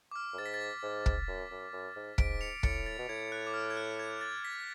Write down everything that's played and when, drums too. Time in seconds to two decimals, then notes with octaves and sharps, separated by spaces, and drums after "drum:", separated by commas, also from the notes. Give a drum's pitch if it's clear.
0.11 D6
0.16 F6
0.33 F#2
0.38 G#2 A6
0.46 B6
0.54 A6
0.83 G#2
1.06 drum: kick
1.28 F#2
1.51 F#2
1.73 F#2
1.96 G#2
2.18 G#2 B6 D7, drum: kick
2.41 C#7 F7
2.63 A2 A6 C#7, drum: kick
2.86 A6
2.98 B2
3.09 A2 G#6
3.32 F#6
3.47 D6
3.54 F6
3.70 G#6
3.77 F#6
3.99 G#6
4.21 A6
4.45 B6